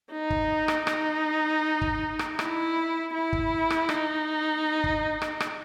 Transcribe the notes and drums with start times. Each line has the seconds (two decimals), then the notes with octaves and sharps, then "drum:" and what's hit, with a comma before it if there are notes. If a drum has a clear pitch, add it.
0.12 D#4
0.30 drum: kick
0.68 drum: rim click
0.87 D#4, drum: rim click
1.82 drum: kick
2.19 drum: rim click
2.39 E4, drum: rim click
3.14 E4
3.33 drum: kick
3.70 drum: rim click
3.89 D#4, drum: rim click
4.84 drum: kick
5.22 drum: rim click
5.40 drum: rim click